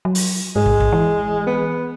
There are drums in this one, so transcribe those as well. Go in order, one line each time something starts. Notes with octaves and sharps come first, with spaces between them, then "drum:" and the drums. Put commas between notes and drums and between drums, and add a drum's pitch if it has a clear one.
F#3
drum: open hi-hat
G#2 G#3
drum: kick
drum: kick
E3
B3